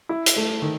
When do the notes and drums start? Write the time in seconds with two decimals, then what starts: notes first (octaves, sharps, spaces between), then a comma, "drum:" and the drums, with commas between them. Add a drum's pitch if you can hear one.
0.09 E4
0.26 drum: hi-hat
0.36 A3
0.62 D#3